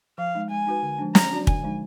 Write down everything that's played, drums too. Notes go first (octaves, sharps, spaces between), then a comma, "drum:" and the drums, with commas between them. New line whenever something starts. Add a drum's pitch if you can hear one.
F3 F5
G#3 D#4
G#3 G#5
D#4 F#4 B4
D3
F3 G#3 D4
F#3 A#5, drum: snare
D4 F#4 D5
D3 G#5, drum: kick
F3 G#3 D#4